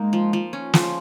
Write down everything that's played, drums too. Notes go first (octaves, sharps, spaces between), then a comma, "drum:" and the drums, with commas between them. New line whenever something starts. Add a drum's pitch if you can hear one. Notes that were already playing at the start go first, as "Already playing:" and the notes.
Already playing: G#3 A#3 D#4
F3
F3
C#4
F3, drum: snare